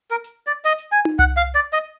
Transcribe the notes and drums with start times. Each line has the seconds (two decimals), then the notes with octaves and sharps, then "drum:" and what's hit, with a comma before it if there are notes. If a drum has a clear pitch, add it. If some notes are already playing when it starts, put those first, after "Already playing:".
0.11 A#4
0.24 drum: hi-hat
0.47 D5
0.65 D#5
0.78 drum: hi-hat
0.92 G#5
1.05 drum: tom
1.19 F#5, drum: tom C2
1.37 F5
1.55 D5
1.73 D#5